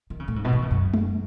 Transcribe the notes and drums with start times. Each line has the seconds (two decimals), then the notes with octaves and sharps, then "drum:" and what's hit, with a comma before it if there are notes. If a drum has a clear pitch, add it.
0.10 D#3
0.20 C#3
0.28 A2
0.36 G#2
0.45 B2
0.53 D#3
0.62 C#3
0.71 F#2
0.94 drum: tom G#3